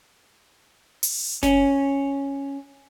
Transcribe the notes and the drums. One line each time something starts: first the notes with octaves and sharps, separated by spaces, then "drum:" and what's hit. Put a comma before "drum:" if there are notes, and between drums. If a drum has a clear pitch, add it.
drum: open hi-hat
C#4, drum: snare F#1